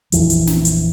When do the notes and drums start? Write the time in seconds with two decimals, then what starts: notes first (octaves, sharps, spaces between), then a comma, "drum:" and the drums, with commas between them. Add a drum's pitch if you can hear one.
0.12 A#1 F2 E3 F3, drum: hi-hat
0.30 drum: hi-hat
0.47 drum: snare
0.65 drum: hi-hat